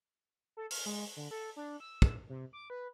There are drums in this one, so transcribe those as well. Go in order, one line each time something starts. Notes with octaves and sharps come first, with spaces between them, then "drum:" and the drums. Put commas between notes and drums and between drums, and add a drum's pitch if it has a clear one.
A4
F6, drum: open hi-hat
G#3
D3
A4
D4
E6
drum: kick
C3
D6
B4